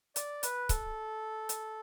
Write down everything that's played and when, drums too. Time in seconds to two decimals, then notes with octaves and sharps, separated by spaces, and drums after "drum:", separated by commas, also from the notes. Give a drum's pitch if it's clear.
0.16 D5, drum: hi-hat
0.43 B4, drum: hi-hat
0.69 A4, drum: kick C#1, hi-hat
1.49 drum: hi-hat